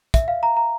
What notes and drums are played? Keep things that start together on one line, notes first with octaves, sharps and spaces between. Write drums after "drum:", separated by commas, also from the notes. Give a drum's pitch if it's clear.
E5, drum: kick, hi-hat
F5
A#5
A#5